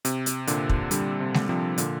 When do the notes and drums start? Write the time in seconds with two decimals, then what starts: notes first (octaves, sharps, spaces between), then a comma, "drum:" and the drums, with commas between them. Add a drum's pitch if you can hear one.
0.05 C3, drum: hi-hat
0.26 drum: hi-hat
0.47 A#2 D3, drum: hi-hat
0.69 drum: kick
0.91 D3 G3, drum: hi-hat
1.20 C3
1.34 drum: snare G#3
1.49 C3 F3
1.78 A#2 D3, drum: hi-hat